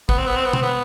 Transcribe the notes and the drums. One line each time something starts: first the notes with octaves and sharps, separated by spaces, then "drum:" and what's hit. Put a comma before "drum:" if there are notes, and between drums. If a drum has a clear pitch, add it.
B3, drum: kick
C4
B3
C4
B3
C4, drum: tom
B3